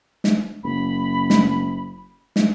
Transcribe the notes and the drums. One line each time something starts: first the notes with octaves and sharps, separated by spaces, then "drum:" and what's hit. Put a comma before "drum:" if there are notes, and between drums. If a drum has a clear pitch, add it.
drum: snare
F#1 B5
drum: snare
drum: snare